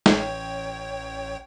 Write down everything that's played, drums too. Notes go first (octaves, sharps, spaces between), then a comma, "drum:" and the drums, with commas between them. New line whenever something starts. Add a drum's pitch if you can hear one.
A1 C#5 G5, drum: snare